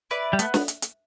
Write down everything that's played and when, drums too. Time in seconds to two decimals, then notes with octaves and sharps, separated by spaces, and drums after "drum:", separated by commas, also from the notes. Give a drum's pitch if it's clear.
0.11 E4 B4 D5
0.33 G3
0.39 A3 B3, drum: hi-hat
0.54 drum: snare
0.68 drum: hi-hat
0.82 drum: hi-hat